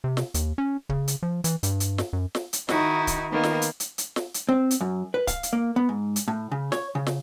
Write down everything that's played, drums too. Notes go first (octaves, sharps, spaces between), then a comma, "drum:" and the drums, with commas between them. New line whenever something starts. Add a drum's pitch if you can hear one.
C3
drum: snare
D#2, drum: hi-hat
C#4
C#3, drum: kick C#1
drum: hi-hat
F3
E3, drum: hi-hat
G2, drum: hi-hat
drum: hi-hat
drum: snare
F#2
drum: snare
drum: hi-hat
D#3 D#4 E4 F#4, drum: snare
drum: kick C#1, hi-hat
D#3 A#3 B3
drum: snare
drum: hi-hat
drum: hi-hat
drum: hi-hat
drum: snare
drum: hi-hat
C4
drum: hi-hat
F#2
B4
F5, drum: kick C#1, hi-hat
drum: hi-hat
A#3
B3
G#2
drum: hi-hat
A2
C#3
C#5, drum: snare
C#3
drum: snare